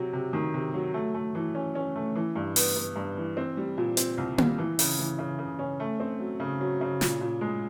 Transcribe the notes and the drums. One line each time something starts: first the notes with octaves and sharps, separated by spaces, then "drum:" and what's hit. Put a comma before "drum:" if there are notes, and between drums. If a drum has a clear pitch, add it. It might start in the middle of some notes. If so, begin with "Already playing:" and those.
Already playing: C3 F#3
C3
D#3
C3
F#3
A3
A3
E3
C#4
C#4
A3
E3
G2
B3, drum: open hi-hat
B3
G2
E3
C4
G3
A#2
C4, drum: hi-hat
C2
G3, drum: tom A#3
E3
C#3, drum: open hi-hat
E3
C#3
C#3
C#4
A3
C4
F#3
C#3
F#3
C#3
A#2, drum: snare
A#2
G#3